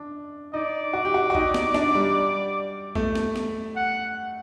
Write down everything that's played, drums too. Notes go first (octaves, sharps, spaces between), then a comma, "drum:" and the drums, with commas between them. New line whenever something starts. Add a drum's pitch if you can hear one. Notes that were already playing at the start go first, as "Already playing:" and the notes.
Already playing: D4
D#4 D5
F#4
G4
F#4
F#4
D#4, drum: kick A#1
drum: snare
D4, drum: snare
G3
A3, drum: kick A#1
drum: snare
drum: snare
F#5